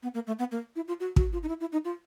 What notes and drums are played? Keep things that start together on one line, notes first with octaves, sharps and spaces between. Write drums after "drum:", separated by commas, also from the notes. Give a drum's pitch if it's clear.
B3
A#3
A3
B3
A#3
E4
F4
F#4
F#4, drum: kick
F4
D#4
E4
E4
D#4
F4